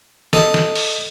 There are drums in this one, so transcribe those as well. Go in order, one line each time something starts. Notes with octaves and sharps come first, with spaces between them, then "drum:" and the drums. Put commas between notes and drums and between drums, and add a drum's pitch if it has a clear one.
A4 D#5, drum: snare
drum: snare
drum: open hi-hat